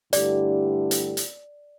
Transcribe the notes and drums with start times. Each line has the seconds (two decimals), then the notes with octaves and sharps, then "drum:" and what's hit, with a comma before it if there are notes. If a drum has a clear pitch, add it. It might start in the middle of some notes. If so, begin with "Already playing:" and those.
0.13 G2 D3 A3 E4 G4 D5, drum: hi-hat
0.91 drum: hi-hat
1.17 drum: hi-hat